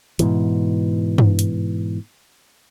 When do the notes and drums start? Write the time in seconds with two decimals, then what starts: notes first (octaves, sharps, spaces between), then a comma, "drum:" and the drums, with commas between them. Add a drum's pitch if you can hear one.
0.19 G#2 B2 E3, drum: hi-hat
1.18 drum: tom G2
1.39 drum: hi-hat